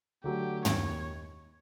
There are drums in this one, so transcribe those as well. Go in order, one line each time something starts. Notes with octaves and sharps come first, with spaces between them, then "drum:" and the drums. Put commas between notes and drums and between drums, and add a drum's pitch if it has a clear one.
D3 F#3 A3 G4
D#2 C#5, drum: tom